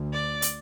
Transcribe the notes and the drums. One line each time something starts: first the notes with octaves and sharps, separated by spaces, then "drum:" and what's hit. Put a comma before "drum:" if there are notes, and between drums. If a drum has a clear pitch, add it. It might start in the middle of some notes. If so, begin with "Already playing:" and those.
Already playing: D2
D5
drum: hi-hat